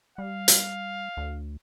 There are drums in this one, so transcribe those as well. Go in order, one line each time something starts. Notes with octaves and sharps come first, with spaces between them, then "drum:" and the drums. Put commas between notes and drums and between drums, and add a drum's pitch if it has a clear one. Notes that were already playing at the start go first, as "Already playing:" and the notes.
G3 F5
drum: hi-hat
D2